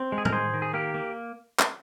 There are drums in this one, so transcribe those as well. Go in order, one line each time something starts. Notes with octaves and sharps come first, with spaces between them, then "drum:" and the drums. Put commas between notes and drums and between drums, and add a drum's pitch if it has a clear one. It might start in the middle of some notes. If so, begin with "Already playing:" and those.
Already playing: C4
G#3
G#4
A#4, drum: tom
D#3 G#4 C5
D#3
G#4
A#3 G4 A#4
A#3
drum: clap